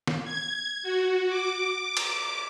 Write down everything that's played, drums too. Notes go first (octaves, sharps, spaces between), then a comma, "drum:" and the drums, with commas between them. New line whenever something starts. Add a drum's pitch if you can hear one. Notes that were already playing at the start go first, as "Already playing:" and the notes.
drum: snare
G#6
F#4
D6
drum: cymbal